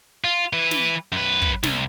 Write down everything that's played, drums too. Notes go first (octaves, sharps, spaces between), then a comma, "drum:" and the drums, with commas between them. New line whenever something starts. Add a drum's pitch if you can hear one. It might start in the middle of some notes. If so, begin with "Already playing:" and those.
F4
E3 B4
drum: snare
F#2 B4
drum: kick
C2, drum: snare